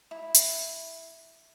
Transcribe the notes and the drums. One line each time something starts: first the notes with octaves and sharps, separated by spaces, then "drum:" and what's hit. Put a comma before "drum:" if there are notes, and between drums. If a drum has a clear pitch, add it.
E4
drum: hi-hat